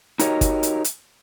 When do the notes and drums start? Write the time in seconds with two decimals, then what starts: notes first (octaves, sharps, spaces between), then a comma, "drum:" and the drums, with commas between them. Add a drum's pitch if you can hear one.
0.19 D#4 F#4 G4 A#4 C#5 D#5, drum: hi-hat
0.41 drum: kick G1, hi-hat
0.63 drum: hi-hat
0.84 drum: hi-hat